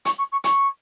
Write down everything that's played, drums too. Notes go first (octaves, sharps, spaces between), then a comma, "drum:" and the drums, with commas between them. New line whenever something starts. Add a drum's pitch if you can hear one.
C#6, drum: hi-hat
C#6
C#6
C#6, drum: hi-hat